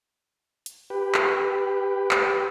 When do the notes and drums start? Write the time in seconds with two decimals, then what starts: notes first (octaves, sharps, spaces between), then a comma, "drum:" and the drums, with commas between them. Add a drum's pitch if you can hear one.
0.66 drum: hi-hat
0.90 G4 B4
1.14 drum: clap
2.11 drum: clap